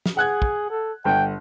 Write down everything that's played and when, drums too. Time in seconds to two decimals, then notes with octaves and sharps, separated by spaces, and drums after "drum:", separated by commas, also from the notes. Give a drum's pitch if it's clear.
0.06 drum: snare
0.17 G#4 F#5 F#6 G#6
0.42 drum: kick
0.70 A4
1.05 G1 F#5 G5